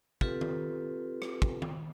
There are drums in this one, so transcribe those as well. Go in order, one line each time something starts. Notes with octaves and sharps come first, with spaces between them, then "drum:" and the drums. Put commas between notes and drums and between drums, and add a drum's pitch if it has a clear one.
C4 F4 G4 A4 B4, drum: kick
drum: tom D#3
drum: rim click
drum: kick
drum: tom D#3